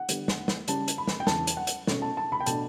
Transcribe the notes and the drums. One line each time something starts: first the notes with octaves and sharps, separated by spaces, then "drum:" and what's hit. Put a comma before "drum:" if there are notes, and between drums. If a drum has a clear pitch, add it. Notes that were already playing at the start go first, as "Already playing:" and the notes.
Already playing: F#5
D3 G3 B3, drum: hi-hat
drum: snare
drum: snare
C#3 G3 C#4 A5, drum: hi-hat
drum: hi-hat
B5
drum: snare
G5
E2 C#3 E3 A5, drum: snare
drum: hi-hat
F#5
drum: hi-hat
B2 A3 C#4, drum: snare
A5
A5
B5
G5
B2 A3 D4 A5, drum: hi-hat